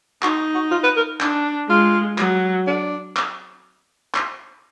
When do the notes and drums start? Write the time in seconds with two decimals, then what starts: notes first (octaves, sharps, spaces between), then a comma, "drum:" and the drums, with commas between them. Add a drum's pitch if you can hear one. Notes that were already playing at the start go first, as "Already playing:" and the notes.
0.22 D#4 F#4, drum: clap
0.55 F#4
0.71 F4
0.84 B4
0.97 A#4
1.20 D4, drum: clap
1.69 G#3 F4
2.18 F#3, drum: clap
2.67 D4
3.16 drum: clap
4.14 drum: clap